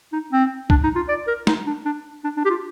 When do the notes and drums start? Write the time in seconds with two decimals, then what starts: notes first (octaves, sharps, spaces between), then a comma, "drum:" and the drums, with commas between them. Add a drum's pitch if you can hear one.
0.13 D#4
0.33 C4
0.70 D4, drum: kick
0.84 D#4
0.96 F4
1.09 D5
1.28 A#4
1.47 D#4, drum: snare
1.67 D4
1.85 D4
2.24 D4
2.37 D4
2.45 G4
2.50 F4